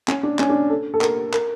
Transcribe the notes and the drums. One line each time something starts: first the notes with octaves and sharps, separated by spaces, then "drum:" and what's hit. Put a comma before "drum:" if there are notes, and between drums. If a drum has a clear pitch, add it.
C#4, drum: clap
D4
C#4, drum: clap
D4
A4
A4
A#4, drum: clap
A#4, drum: clap